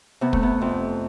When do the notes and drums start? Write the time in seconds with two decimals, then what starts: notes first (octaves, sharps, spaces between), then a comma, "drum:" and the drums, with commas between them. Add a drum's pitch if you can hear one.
0.21 C3 B3
0.33 A3, drum: kick
0.43 B3
0.61 F2 C4